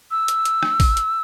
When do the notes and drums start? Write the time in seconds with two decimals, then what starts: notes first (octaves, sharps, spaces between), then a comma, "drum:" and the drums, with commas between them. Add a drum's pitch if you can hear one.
0.11 E6
0.28 drum: hi-hat
0.45 drum: hi-hat
0.63 drum: rim click
0.80 drum: kick A1, open hi-hat
0.97 drum: hi-hat